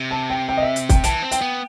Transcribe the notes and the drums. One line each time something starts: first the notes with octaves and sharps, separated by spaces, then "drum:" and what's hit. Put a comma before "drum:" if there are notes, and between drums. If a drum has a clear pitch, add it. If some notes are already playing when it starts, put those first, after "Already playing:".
Already playing: C3
A5
G5
G5
D#5
E5
drum: hi-hat
G5, drum: kick, hi-hat
E3 A5, drum: hi-hat
C4
G5, drum: hi-hat
B3